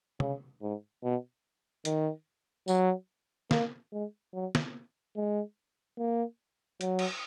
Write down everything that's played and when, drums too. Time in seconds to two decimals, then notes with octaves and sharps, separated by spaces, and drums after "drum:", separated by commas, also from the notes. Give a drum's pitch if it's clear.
0.20 C#3, drum: tom
0.62 G#2
1.03 B2
1.85 D#3, drum: hi-hat
2.68 F#3, drum: tambourine
3.51 A#3, drum: snare
3.92 G#3
4.33 F#3
4.55 drum: snare
5.16 G#3
5.98 A#3
6.81 F#3, drum: hi-hat
6.99 drum: cymbal